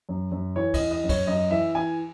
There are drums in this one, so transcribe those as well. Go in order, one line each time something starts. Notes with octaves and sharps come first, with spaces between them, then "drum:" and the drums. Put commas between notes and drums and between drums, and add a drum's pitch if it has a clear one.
F#2
F#2
E3 C#5
D#5, drum: kick, cymbal
E3
D#5
F#2
C#5, drum: kick, cymbal
F#2 D#5
E3 E5
E3 G#5